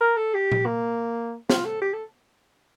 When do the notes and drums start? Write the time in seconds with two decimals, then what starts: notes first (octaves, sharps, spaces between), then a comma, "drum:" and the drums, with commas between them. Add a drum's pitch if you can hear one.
0.01 A#4
0.17 A4
0.34 G4
0.52 drum: tom A#2
0.66 A#3
1.50 F4, drum: snare
1.65 A4
1.82 G4
1.93 A4